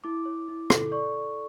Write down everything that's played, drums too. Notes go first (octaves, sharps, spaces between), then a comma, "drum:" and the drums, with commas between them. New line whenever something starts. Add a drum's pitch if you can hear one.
E4 D6
C#5
E4
A4, drum: rim click
D5 C#6
D5